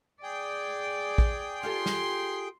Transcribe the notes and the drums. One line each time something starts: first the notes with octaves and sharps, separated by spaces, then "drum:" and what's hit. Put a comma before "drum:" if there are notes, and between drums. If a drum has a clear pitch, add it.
G#4 D5 G5
drum: kick A1
F4 G4 A4 C6
drum: snare